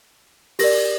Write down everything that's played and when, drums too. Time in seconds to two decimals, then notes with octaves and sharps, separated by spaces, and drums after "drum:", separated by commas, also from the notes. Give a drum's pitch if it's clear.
0.59 G4 A#4 D5 A#6, drum: open hi-hat